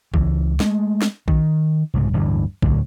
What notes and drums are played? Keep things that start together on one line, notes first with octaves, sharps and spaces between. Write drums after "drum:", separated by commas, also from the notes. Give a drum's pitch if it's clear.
C#2 E3, drum: kick
G#3 A3, drum: snare
drum: snare
D#3, drum: kick
C2 G#2 C#3
D1 G2 D3 E3
D2 A2 D3 F#3, drum: kick